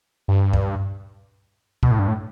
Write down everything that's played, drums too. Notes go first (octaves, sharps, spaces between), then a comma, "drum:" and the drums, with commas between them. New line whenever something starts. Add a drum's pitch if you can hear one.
G2
drum: kick
B2, drum: kick
A2
G2
A2